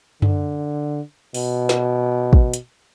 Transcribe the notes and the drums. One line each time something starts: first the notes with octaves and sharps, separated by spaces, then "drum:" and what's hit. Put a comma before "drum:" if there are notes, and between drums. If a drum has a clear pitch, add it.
D3, drum: tom F#2
B2, drum: open hi-hat
drum: snare
drum: kick
drum: hi-hat